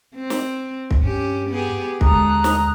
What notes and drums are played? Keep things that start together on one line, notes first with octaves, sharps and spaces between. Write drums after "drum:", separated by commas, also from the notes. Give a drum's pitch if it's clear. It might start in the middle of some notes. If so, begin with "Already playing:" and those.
C4
drum: snare
drum: kick
G2 C#4 G4
B3 G4 G#4
D#2 D3 G#3 A#5 D#6 F#6, drum: kick
drum: snare